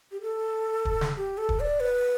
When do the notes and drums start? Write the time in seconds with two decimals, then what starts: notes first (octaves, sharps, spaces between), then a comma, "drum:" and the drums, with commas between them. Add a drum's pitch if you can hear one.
0.12 G4
0.22 A4
0.85 drum: kick
1.01 drum: snare
1.17 G4
1.38 A4
1.49 drum: kick
1.60 D5
1.80 B4